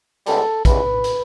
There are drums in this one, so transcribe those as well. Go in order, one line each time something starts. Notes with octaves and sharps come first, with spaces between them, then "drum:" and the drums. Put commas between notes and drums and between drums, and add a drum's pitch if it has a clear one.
C#2 C#3 G3 B3 A4, drum: hi-hat
C#2 C#3 E3 G3 B4, drum: kick A#1, hi-hat
drum: hi-hat